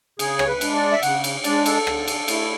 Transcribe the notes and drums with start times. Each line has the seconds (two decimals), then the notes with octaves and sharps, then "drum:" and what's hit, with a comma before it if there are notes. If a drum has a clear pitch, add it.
0.19 C#3 G#4, drum: cymbal
0.39 C#5, drum: rim click
0.47 B4
0.61 G#3 D4, drum: cymbal
0.75 D5
0.92 E5
1.03 C#3 F#5, drum: cymbal
1.24 drum: cymbal
1.44 G#3 D4 D5, drum: cymbal
1.66 A4, drum: cymbal
1.87 D3, drum: rim click
2.08 drum: cymbal
2.28 A3 E4, drum: cymbal